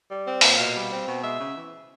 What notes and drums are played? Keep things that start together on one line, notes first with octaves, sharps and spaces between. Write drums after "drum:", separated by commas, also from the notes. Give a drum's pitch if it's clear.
G3
C4
A#2, drum: open hi-hat
B2 F5
G3
C4
B2
G#3 E5
C#3
E3